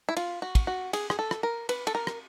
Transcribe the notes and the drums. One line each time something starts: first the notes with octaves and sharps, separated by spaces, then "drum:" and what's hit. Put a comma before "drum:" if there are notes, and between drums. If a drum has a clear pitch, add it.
E4
F4, drum: cymbal
F#4
drum: kick, cymbal
F#4
G#4, drum: cymbal
G#4, drum: rim click
A4
drum: rim click
A#4
B4, drum: cymbal
A4, drum: cymbal
A#4
drum: rim click